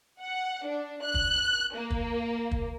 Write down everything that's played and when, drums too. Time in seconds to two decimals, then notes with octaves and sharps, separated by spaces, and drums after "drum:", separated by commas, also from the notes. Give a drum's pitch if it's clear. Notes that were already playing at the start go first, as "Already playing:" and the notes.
0.21 F#5
0.66 D4
1.03 F#6
1.14 drum: kick
1.75 A#3
1.90 drum: kick
2.51 drum: kick